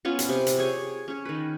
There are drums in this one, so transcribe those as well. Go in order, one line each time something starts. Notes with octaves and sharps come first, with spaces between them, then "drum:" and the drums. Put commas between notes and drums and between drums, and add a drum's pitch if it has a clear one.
B3 C#4 F4
drum: hi-hat
C3
drum: hi-hat
G#4 C#5 G#5
C#4 C#5
D#3 B4